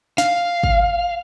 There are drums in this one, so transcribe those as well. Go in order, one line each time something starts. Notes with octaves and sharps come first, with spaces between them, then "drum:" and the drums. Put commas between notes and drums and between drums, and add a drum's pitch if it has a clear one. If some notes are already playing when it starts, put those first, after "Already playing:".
F5, drum: snare
drum: kick